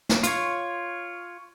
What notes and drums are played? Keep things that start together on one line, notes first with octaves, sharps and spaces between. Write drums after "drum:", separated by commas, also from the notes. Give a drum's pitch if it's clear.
drum: snare
F4 C#5, drum: hi-hat